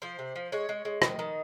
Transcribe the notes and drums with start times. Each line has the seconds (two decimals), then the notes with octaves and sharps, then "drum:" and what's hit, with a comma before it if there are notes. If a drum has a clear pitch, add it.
0.02 F3 C5
0.19 C3
0.36 F3
0.52 G#3 C#5
0.69 G#3
0.85 G#3
1.02 D#3 D#5, drum: rim click
1.19 D#3